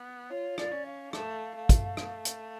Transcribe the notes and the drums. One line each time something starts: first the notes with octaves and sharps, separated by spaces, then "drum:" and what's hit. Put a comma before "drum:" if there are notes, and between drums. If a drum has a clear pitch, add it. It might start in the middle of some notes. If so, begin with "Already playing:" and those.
Already playing: B3
F4 C#5
D5, drum: rim click
C#4
F5
A3, drum: rim click
A3
drum: kick, hi-hat
drum: rim click
drum: hi-hat